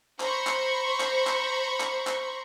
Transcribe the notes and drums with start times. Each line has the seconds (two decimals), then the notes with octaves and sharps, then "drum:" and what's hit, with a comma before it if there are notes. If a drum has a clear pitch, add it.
0.20 C5 A#5 B5 C#6, drum: clap
0.47 drum: clap
1.00 drum: clap
1.27 drum: clap
1.80 drum: clap
2.07 drum: clap